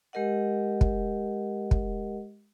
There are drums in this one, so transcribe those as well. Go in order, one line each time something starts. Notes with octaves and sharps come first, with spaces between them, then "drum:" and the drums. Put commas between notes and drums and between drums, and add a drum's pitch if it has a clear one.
G#3 G4 A#4 D#5 F#5
drum: kick
drum: kick